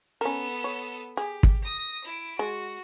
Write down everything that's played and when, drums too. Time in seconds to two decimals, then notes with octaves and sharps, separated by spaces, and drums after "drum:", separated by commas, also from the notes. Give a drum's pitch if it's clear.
0.21 B3 C#4 A4 A#4
0.64 C#5
1.17 G4 G#4
1.43 drum: kick
1.64 D#6 A#6
2.05 E4 D7
2.39 G#3 F#4